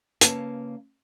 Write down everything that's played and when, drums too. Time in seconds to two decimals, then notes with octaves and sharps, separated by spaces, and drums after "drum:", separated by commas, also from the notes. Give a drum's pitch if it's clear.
0.21 C#3 A#3 A4 B4 C#5 A5, drum: hi-hat